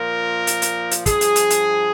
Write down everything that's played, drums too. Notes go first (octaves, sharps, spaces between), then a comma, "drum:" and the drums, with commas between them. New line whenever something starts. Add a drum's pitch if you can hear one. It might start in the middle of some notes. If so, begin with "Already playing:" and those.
Already playing: A#2 F3 A#4
drum: hi-hat
drum: hi-hat
drum: hi-hat
G2 F3 G#4, drum: kick, hi-hat
drum: hi-hat
drum: hi-hat
drum: hi-hat